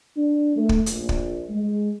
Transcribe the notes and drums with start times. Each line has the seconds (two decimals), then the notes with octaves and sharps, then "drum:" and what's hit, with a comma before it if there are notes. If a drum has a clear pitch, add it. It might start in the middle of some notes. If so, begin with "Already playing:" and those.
0.17 D4
0.56 A3
0.69 drum: kick
0.86 A#1, drum: hi-hat
1.09 drum: kick
1.50 G#3